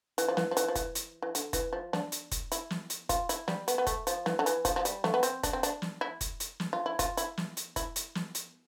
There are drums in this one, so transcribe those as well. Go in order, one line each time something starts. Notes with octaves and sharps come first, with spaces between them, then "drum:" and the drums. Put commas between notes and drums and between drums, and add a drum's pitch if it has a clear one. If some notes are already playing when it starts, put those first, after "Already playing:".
E3, drum: hi-hat
F3
E3, drum: snare
F3
E3, drum: hi-hat
F3
E3, drum: kick F1, hi-hat
drum: hi-hat
E3
D3, drum: hi-hat
E3, drum: kick F1, hi-hat
F3
D4, drum: snare
drum: hi-hat
drum: kick F1, hi-hat
E4, drum: hi-hat
drum: snare
drum: hi-hat
F4, drum: kick F1, hi-hat
E4, drum: hi-hat
G3, drum: snare
B3, drum: hi-hat
B3
A3, drum: kick F1, hi-hat
F3, drum: hi-hat
E3, drum: snare
D3
E3, drum: hi-hat
F3, drum: kick F1, hi-hat
F3
G3, drum: hi-hat
A3, drum: snare
B3
C4, drum: hi-hat
D4, drum: kick F1, hi-hat
C4
D4, drum: hi-hat
drum: snare
E4
drum: kick F1, hi-hat
drum: hi-hat
drum: snare
F4
E4
F4, drum: kick F1, hi-hat
E4, drum: hi-hat
drum: snare
drum: hi-hat
E4, drum: kick F1, hi-hat
drum: hi-hat
drum: snare
drum: hi-hat